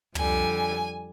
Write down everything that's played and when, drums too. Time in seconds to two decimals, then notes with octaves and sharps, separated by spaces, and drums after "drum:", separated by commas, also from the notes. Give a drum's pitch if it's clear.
0.15 F2 D3 G3 G#5, drum: tom